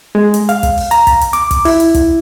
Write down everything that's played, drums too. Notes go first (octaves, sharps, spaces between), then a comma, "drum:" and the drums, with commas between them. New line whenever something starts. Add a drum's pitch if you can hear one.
G#3
drum: hi-hat
F5, drum: hi-hat
drum: kick, hi-hat
drum: open hi-hat
A#5, drum: hi-hat
drum: kick, hi-hat
drum: hi-hat
D6, drum: hi-hat
drum: kick, hi-hat
E4, drum: open hi-hat
drum: hi-hat
drum: kick, hi-hat